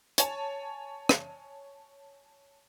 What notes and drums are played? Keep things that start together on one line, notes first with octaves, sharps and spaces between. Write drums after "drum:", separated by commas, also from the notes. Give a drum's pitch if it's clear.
C#5 G#5 A5, drum: hi-hat
drum: rim click